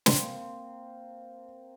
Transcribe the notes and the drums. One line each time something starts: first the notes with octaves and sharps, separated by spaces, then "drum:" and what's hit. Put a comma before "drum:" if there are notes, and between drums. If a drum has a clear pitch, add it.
A#3 C4 C6, drum: snare